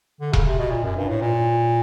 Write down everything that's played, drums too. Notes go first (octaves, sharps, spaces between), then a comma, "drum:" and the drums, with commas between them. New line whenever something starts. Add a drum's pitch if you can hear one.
D3
C#3, drum: kick E1
C3
B2
A#2
F#2
G2
A2
A#2